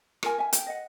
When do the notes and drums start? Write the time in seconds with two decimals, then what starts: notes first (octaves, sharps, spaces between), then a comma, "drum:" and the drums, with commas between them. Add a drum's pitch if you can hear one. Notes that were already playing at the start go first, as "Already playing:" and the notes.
0.23 F4 A#4 G#5, drum: rim click
0.38 E5 G#5
0.53 G5, drum: hi-hat
0.66 D#5 F#5